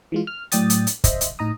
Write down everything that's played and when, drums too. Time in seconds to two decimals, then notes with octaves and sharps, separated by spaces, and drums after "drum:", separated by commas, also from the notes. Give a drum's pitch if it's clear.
0.12 E3 G#3 F4
0.27 F6
0.52 A2 F#3 D5 G5 D#6 A6, drum: hi-hat
0.70 drum: hi-hat
0.87 drum: hi-hat
1.04 C5 D#5 E5, drum: kick, hi-hat
1.21 drum: hi-hat
1.39 A2 D#4 A#5 D#6